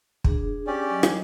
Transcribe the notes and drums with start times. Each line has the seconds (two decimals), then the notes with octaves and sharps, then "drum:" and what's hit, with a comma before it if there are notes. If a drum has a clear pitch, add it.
0.24 D4 G#4, drum: kick
0.67 C#4 G4 D5
0.90 F#3 D#5
1.03 drum: rim click